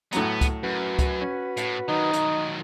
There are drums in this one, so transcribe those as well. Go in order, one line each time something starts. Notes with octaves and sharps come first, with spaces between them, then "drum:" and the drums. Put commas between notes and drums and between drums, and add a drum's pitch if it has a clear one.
A2 F#3 B3 A#5, drum: hi-hat
drum: kick, hi-hat
F#2 F#4 B4
drum: kick, hi-hat
C#4
A2, drum: hi-hat
D#3 F#3 D#4
drum: hi-hat